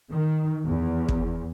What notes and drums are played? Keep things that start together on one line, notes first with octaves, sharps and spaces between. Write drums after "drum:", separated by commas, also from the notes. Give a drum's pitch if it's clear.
D#3
E2
drum: kick